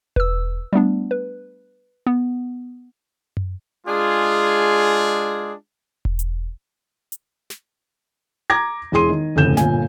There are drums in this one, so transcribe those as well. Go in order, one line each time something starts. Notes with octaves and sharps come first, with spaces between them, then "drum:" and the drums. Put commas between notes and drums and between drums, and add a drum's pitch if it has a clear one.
B4 E6, drum: kick E1
G3 A3 B3 D4
B4
B3
drum: tom F#2
G#3 D4 F4 G#4
drum: kick E1
drum: hi-hat
drum: hi-hat
drum: snare
A#5 D6 G#6 A#6
E1 E4 G#4 C6 D#7
D#3
F1 D2 A2 C#3 G6 E7
G1 A#2 G#5, drum: snare